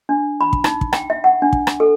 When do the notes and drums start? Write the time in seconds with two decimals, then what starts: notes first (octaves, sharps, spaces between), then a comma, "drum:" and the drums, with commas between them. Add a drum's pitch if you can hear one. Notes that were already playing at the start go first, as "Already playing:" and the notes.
0.09 D4
0.41 B5
0.53 drum: kick
0.64 D#4, drum: rim click
0.81 drum: kick
0.93 G5, drum: rim click
1.10 E5
1.24 F#5
1.42 D4
1.53 drum: kick
1.67 drum: rim click
1.80 A4